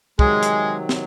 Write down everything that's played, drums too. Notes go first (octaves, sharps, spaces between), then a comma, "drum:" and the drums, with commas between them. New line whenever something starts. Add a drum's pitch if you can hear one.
C3 D#3 F#3 G#3, drum: kick
drum: hi-hat
drum: snare